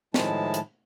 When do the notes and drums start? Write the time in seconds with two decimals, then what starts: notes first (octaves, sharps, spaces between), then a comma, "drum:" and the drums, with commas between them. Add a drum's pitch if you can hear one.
0.14 A2 D#3 F3 G#3 E4 A5, drum: snare
0.54 drum: hi-hat